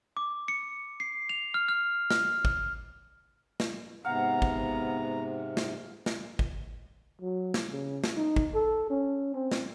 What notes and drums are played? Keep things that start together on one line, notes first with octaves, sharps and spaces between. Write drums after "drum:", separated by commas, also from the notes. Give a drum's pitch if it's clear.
D6
C#7
C7
F7
F6
F6
F6, drum: snare
drum: kick G1
drum: snare
G#2 C3 B3 F5 F#5 A#5
drum: kick G1
drum: snare
drum: snare
drum: kick G1
F#3
drum: snare
C#3
drum: snare
D#4
drum: kick G1
A4
C#4
C4
drum: snare